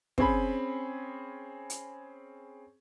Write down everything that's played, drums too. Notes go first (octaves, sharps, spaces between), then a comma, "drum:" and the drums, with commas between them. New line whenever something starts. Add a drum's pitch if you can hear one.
C4 C#4 G#4 B5, drum: kick
drum: hi-hat